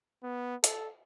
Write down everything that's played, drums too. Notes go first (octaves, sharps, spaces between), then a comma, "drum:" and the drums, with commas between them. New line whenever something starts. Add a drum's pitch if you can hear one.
B3
A4, drum: hi-hat